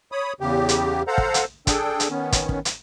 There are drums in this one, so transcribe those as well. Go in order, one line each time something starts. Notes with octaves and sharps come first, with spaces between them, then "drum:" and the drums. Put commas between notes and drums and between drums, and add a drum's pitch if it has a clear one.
C#5 B5 D#6
E2 C#3 G4
drum: hi-hat
A4 C5 F5 F#5 A#5
drum: kick
drum: hi-hat
D4 G#4 A4 G5, drum: kick, hi-hat
drum: hi-hat
D#3 B3 C#4
drum: kick, hi-hat
drum: kick
drum: hi-hat